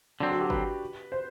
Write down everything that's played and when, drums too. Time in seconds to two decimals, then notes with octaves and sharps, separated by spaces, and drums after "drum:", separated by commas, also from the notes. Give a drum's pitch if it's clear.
0.20 D3 F#3 C4 D4
0.31 F#4
0.41 G4
0.50 B4, drum: kick
1.12 C5